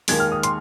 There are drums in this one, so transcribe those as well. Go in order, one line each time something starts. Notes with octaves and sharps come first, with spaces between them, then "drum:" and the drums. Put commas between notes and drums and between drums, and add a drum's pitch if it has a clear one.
D#2 D#3 G#3 G#6, drum: open hi-hat
F6
D#6
C6, drum: hi-hat